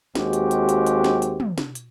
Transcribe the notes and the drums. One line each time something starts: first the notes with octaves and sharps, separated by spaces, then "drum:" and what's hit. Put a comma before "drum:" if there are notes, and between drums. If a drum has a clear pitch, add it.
D#2 G#3 C4 F#4 G4, drum: snare
drum: hi-hat
drum: hi-hat
drum: hi-hat
drum: hi-hat
drum: snare
drum: hi-hat
drum: tom
drum: snare
drum: hi-hat